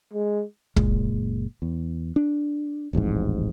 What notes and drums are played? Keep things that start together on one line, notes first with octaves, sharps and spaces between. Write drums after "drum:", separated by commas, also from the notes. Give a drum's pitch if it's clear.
G#3
F#1 A#2 G#3, drum: kick
E2
D4
D#1 A1 F2 G#2